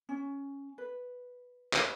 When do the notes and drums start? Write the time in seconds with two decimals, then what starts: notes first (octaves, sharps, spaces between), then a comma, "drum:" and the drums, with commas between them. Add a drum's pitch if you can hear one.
0.09 C#4
0.78 B4
1.73 drum: clap